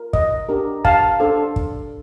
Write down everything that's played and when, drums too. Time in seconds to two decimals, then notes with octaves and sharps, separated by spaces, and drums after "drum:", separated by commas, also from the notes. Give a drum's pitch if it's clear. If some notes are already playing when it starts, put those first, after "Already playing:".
Already playing: F4 A#4
0.13 D#5, drum: kick
0.49 D4 G4 A#4
0.85 F5 A5, drum: kick
1.20 D4 A4 C5
1.56 drum: kick